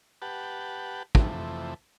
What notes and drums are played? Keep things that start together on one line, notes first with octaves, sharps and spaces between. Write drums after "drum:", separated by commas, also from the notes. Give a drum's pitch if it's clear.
G4 B4 F#5 A5
F2 C3 E3 A3, drum: kick